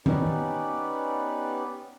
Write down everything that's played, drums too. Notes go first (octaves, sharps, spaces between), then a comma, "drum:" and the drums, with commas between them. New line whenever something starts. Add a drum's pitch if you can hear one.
B3 C#4 D#4 G4 B4 D5, drum: tom